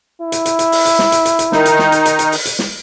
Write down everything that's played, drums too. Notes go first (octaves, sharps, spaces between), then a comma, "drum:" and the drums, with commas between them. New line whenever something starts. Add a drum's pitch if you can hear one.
E4
drum: hi-hat
drum: hi-hat
drum: hi-hat
drum: open hi-hat
drum: hi-hat
drum: snare
drum: hi-hat
drum: hi-hat
drum: hi-hat
D#3 D#4, drum: snare
drum: hi-hat
drum: snare
drum: hi-hat
drum: hi-hat
drum: hi-hat
drum: open hi-hat
drum: hi-hat
drum: snare